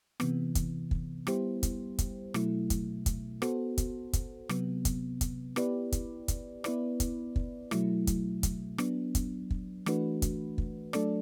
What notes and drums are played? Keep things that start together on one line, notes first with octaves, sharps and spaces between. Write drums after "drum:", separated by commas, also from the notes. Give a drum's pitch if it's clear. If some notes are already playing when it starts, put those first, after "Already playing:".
C3 E3 B3, drum: rim click
drum: kick, hi-hat
drum: kick
G3 B3 E4 G4 C5, drum: rim click
drum: kick, hi-hat
drum: kick, hi-hat
B2 F#3 A3 E4, drum: rim click
drum: kick, hi-hat
drum: kick, hi-hat
B3 F#4 A4 C5, drum: rim click
drum: kick, hi-hat
drum: kick, hi-hat
C3 F#3 B3, drum: rim click
drum: kick, hi-hat
drum: kick, hi-hat
B3 E4 G4 B4 D5, drum: rim click
drum: kick, hi-hat
drum: kick, hi-hat
B3 E4 B4 D5, drum: rim click
drum: kick, hi-hat
drum: kick
B2 F#3 A3 E4, drum: rim click
drum: kick, hi-hat
drum: kick, hi-hat
F#3 B3 D4, drum: rim click
drum: kick, hi-hat
drum: kick
E3 A3 D4 F#4 B4, drum: rim click
drum: kick, hi-hat
drum: kick
F#3 A3 D4 A4 D5, drum: rim click